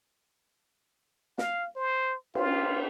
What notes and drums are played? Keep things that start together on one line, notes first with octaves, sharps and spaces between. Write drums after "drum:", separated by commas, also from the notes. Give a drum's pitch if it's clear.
F5, drum: snare
C5
F4, drum: cymbal